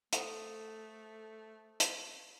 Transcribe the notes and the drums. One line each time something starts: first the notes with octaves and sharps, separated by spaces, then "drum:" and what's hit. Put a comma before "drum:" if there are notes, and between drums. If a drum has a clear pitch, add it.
A3 A4 C5 D#6, drum: hi-hat
drum: hi-hat